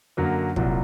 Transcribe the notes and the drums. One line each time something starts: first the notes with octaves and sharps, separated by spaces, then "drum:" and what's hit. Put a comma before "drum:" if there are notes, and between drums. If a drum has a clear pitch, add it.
F#2 D3 F#3 A#3
C2 A#2 F#3, drum: kick